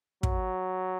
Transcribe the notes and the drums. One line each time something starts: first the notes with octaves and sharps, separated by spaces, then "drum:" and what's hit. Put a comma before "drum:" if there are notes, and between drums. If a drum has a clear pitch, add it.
F#3, drum: kick